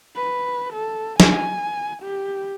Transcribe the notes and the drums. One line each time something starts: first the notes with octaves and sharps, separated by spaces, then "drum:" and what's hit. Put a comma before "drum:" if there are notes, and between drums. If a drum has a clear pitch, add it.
B4
A4
G#5, drum: snare
G4